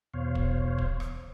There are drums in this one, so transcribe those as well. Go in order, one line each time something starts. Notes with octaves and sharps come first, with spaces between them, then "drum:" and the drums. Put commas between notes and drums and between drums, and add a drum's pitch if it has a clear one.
E2 B2 C5 C#5 F5
drum: kick
drum: kick
drum: rim click